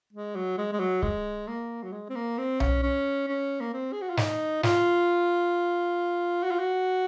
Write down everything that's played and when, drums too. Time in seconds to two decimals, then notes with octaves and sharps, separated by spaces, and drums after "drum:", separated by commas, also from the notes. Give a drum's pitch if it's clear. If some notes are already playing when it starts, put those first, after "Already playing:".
0.13 G#3
0.35 F#3
0.58 G#3
0.73 G#3
0.79 F#3
1.02 G#3, drum: kick C#1
1.48 A#3
1.83 F#3
1.92 G#3
2.10 C4
2.16 A#3
2.38 C4
2.60 C#4, drum: tom B1
2.83 C#4
3.28 C#4
3.61 A#3
3.73 C4
3.93 G#4
4.02 F#4
4.10 F4
4.17 D#4, drum: snare
4.63 F4, drum: snare
6.43 F#4
6.51 F4
6.59 F#4